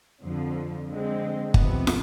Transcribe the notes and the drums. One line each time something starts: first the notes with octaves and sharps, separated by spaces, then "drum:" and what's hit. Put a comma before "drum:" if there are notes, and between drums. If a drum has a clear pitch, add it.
F2 D3 F3
D3 G#3 C4
C3 F3 B3, drum: kick G1
drum: snare